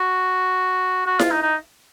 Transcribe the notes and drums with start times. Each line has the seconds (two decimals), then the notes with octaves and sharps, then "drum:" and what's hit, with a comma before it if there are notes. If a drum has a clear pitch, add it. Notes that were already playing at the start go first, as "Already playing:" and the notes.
Already playing: F#4
1.06 F#4
1.19 F4, drum: snare E4
1.31 D#4
1.42 D#4